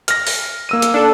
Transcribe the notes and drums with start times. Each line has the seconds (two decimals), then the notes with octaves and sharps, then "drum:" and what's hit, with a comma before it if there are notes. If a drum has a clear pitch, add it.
0.08 F6 A#6, drum: hi-hat
0.27 drum: open hi-hat
0.69 A#3 E6 D#7
0.82 drum: hi-hat
0.94 D4 A4